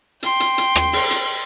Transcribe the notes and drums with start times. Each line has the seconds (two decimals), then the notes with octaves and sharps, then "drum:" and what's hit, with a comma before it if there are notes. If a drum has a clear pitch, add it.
0.23 G5 C6, drum: hi-hat
0.40 drum: hi-hat
0.58 drum: hi-hat
0.75 drum: rim click
0.93 drum: open hi-hat
1.11 drum: hi-hat